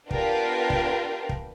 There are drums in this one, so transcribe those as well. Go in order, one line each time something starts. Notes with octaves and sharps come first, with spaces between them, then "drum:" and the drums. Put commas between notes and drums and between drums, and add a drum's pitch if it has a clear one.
B3 D4 F4 G4 A#4 B4, drum: kick
drum: kick
drum: kick